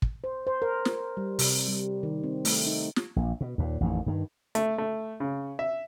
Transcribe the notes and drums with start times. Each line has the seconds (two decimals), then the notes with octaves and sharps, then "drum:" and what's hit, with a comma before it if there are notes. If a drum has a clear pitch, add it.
0.02 drum: kick
0.24 C5
0.47 C5
0.62 A#4
0.85 drum: snare
1.17 G3
1.39 C3, drum: open hi-hat
1.68 G3
2.03 D#3
2.24 C4
2.45 A3, drum: open hi-hat
2.67 D#4
2.96 drum: snare
3.16 A#1
3.41 B2
3.58 D#2 A#2
3.81 A1 F2 B2 D#3
4.06 G2 D#3
4.55 A3, drum: hi-hat
4.78 A3
5.20 C#3
5.59 E5